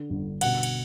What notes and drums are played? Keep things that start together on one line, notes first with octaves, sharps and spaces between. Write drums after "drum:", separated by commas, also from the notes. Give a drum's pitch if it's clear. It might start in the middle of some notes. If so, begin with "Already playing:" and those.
Already playing: D3
G1
B2 F#5, drum: cymbal
drum: cymbal